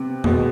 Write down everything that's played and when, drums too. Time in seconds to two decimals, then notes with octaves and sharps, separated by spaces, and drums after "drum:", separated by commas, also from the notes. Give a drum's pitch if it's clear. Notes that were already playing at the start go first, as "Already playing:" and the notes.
Already playing: C3 B3
0.24 B2 G#3 B3, drum: tom E2